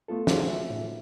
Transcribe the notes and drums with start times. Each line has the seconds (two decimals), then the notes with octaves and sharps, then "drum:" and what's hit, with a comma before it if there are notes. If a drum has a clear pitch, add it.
0.08 A3 B3 F4 A4
0.27 C#4 D#4 F4 F#4 G#4 C5, drum: snare
0.47 E5
0.70 A2